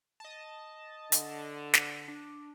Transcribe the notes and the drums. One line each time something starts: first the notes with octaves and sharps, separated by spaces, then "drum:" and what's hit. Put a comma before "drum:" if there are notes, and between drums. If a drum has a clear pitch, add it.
D#5 A5
D3, drum: hi-hat
drum: snare
D4